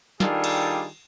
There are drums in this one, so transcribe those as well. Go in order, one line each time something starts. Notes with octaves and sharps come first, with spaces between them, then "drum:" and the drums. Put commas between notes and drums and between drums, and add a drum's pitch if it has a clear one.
D#3 G3 D4 F4 G#4 A4, drum: snare
drum: cymbal